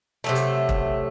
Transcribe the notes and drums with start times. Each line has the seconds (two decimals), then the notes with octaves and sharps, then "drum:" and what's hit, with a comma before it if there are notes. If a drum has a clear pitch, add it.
0.24 C3 F#3 A3
0.35 drum: hi-hat
0.69 drum: kick E1